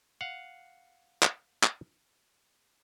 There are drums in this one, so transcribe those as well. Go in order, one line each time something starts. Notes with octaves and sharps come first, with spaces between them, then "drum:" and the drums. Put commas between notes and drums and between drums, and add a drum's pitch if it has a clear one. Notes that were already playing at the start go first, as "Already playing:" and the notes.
F5 F#5
drum: clap
drum: clap